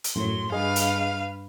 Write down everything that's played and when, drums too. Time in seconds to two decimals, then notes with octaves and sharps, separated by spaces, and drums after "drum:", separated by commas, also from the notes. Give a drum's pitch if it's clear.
0.04 drum: hi-hat
0.16 F#2 A2 F#3 C6
0.52 G2 G#4 B4 D#5 F5
0.76 drum: hi-hat